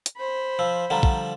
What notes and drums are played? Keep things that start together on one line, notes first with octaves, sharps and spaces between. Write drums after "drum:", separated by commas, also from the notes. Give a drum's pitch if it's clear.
drum: hi-hat
C5 B5
F3 E6
D3 F3 G3 F#5 A#5
drum: kick